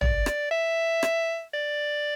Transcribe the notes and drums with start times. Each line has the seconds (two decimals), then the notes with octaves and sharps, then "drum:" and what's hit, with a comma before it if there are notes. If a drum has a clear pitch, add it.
0.01 D5, drum: tom
0.26 drum: rim click
0.51 E5
1.03 drum: rim click
1.54 D5